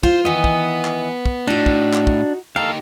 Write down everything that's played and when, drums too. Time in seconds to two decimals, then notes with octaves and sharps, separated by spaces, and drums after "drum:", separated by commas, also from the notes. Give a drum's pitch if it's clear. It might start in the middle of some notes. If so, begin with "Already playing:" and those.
0.03 F4 C5, drum: kick
0.25 D#3 E3 B3 D#5
0.44 drum: kick
0.85 drum: clap
1.26 drum: kick
1.47 A2 D4 D#4 F#4
1.66 drum: kick
1.93 drum: clap
2.07 drum: kick
2.56 D#4 G4 A4 F5 A#5